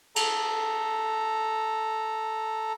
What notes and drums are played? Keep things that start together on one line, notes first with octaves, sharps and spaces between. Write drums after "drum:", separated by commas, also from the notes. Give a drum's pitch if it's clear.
A4 A#5, drum: cymbal